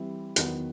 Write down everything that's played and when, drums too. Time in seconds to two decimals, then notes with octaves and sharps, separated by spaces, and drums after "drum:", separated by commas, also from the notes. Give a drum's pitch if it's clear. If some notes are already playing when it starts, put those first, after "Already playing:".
Already playing: E3 G3 C4
0.36 E2 D#3 F#3 B3, drum: hi-hat